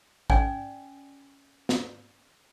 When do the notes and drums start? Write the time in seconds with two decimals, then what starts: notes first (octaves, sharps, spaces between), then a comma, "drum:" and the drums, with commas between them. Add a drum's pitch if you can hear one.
0.30 C#4 D5 G#5, drum: kick
1.69 drum: snare